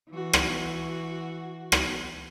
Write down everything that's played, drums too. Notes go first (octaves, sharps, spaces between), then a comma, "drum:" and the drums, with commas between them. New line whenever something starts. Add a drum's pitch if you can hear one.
E3 F#4
drum: rim click
drum: rim click